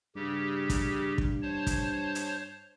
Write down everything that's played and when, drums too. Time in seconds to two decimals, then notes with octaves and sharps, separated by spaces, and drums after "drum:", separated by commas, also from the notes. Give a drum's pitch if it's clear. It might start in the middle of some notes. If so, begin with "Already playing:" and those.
0.16 G2 C#3 G4
0.70 drum: kick, hi-hat
1.18 drum: kick
1.42 C5 C#5 A5
1.67 drum: kick, hi-hat
2.15 drum: hi-hat